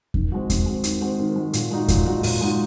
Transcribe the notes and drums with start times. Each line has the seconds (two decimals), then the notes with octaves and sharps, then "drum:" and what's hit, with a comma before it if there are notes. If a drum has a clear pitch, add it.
0.14 D#3, drum: kick E2
0.32 G#3 C4 F#4
0.50 D#3, drum: kick E2, hi-hat
0.66 G#3 C4 F#4
0.84 D#3, drum: hi-hat
1.01 G#3 C4 F#4
1.19 D#3
1.36 G#3 C4 F#4
1.53 A#2, drum: hi-hat
1.71 G#3 D#4 F#4
1.88 A#2, drum: kick E2, hi-hat
2.06 G#3 D#4 F#4
2.23 A#2, drum: open hi-hat
2.41 G#3 D#4 F#4